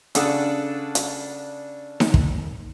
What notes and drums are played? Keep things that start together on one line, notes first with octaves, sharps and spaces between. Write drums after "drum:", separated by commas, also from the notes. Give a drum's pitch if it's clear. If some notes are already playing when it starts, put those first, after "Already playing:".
C#3 D4 A4 F#5 D#6, drum: hi-hat
drum: hi-hat
drum: snare D#4
drum: kick